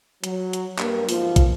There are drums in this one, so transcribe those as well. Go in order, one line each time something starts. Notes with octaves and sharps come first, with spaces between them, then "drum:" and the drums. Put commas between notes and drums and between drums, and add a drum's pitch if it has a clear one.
F#3, drum: hi-hat
drum: hi-hat
G2 A#3, drum: clap
G#2 B2 F3 F4, drum: open hi-hat
drum: kick, hi-hat